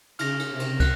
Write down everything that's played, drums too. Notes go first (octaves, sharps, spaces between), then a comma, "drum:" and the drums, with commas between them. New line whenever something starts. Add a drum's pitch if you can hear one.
C#3 F6 A#6 F7, drum: cymbal
drum: cymbal
C3
drum: cymbal
F#6, drum: kick, cymbal